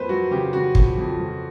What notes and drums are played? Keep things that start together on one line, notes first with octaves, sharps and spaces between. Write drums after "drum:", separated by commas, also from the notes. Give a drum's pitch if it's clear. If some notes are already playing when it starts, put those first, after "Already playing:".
Already playing: F2 A#3 B4 C5
F#3 F#4
C#3 G4
C#3 F#4
F2, drum: kick
F2
F2